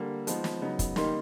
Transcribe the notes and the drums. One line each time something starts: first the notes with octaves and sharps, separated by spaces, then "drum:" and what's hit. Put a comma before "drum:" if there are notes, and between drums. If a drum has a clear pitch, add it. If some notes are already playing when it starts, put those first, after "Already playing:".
Already playing: D3 G3 A#3
F3 G#3 B3 D#4, drum: hi-hat
drum: snare
C#3 F#3 B3 D#4
drum: kick, hi-hat
D#3 G3 A#3 D#4 C6, drum: snare